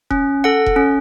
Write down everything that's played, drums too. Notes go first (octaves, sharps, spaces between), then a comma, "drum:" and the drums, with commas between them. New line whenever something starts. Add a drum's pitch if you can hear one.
C#4, drum: kick E1
A4 F#5
drum: kick E1
C#4